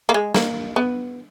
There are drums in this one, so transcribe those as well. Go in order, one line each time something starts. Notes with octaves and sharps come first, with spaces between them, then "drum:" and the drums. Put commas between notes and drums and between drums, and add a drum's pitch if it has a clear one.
A#3
G#3
A#3, drum: snare
B3